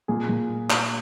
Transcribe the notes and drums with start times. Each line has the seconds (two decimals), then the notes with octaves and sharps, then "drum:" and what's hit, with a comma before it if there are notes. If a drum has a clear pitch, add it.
0.08 A#2 G#4
0.29 A#2
0.70 drum: clap